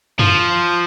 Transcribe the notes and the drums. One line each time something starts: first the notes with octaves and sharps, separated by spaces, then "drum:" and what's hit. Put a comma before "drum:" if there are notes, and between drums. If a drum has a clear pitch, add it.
F3, drum: tom F#2